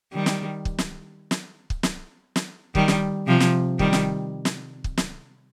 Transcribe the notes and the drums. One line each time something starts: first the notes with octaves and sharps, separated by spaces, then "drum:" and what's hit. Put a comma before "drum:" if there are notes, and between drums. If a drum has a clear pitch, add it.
D#3 G3
drum: snare
drum: kick
drum: snare
drum: snare
drum: kick
drum: snare
drum: snare
D#3 G3, drum: kick
drum: snare
C3 F3
drum: snare
D#3 G3, drum: kick
drum: snare
drum: snare
drum: kick
drum: snare